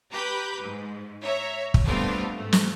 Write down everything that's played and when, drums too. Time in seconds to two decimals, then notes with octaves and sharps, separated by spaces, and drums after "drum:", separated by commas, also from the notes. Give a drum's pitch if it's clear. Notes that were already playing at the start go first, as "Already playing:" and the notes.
0.12 G4 B4 A#5 B5 D6 G6
0.61 G#2
1.24 C#5 E5 A#5
1.74 drum: kick
1.85 G3 A3 B3 C4 D4 F4
2.37 G#2 A3
2.53 drum: snare